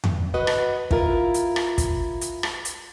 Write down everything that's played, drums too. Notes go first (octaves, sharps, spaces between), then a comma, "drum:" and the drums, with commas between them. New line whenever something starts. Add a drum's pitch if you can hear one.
drum: tom F2
F#4 B4 D#5 F#5
drum: rim click
E4 F4 A#4, drum: kick
drum: hi-hat
drum: rim click
drum: kick, hi-hat
drum: hi-hat
drum: rim click
drum: hi-hat